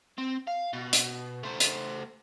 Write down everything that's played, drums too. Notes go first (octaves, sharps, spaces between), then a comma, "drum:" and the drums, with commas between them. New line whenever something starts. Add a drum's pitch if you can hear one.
C4
F5
B2
drum: hi-hat
A3 C5
drum: hi-hat